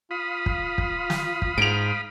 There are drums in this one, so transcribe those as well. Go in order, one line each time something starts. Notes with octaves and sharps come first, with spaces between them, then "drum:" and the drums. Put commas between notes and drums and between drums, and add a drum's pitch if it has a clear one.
F4 F5 B5 D#6
drum: kick
drum: kick
drum: snare
drum: kick
G#2 D7 F7